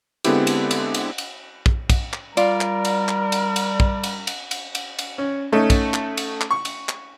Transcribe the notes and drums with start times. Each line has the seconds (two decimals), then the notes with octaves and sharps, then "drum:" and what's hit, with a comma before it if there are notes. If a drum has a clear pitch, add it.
0.24 D3 G#3 B3 C4 E4 G4, drum: cymbal
0.47 drum: cymbal
0.71 drum: cymbal
0.94 drum: cymbal
1.18 drum: cymbal
1.66 drum: kick
1.90 drum: kick, cymbal
2.13 drum: clap
2.37 G3 F4 A#4 D5, drum: cymbal
2.61 drum: clap
2.85 drum: cymbal
3.08 drum: clap
3.32 drum: cymbal
3.56 drum: cymbal
3.80 drum: kick
4.04 drum: cymbal
4.27 drum: cymbal
4.51 drum: cymbal
4.75 drum: cymbal
4.99 drum: cymbal
5.18 C#4
5.52 A3 C#4 D#4
5.70 drum: kick, cymbal
5.94 drum: clap
6.17 drum: cymbal
6.41 drum: clap
6.51 C#6
6.65 drum: cymbal
6.89 drum: clap